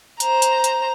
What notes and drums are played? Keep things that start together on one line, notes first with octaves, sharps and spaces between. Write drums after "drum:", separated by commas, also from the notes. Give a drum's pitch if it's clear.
C5 A#5, drum: hi-hat
drum: hi-hat
drum: hi-hat